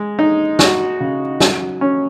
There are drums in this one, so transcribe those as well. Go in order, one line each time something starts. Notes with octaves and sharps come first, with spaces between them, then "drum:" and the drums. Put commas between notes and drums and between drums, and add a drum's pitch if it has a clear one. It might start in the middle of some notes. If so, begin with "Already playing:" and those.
Already playing: G#3
D#4
F#4, drum: snare
C#3
F#3, drum: snare
C#4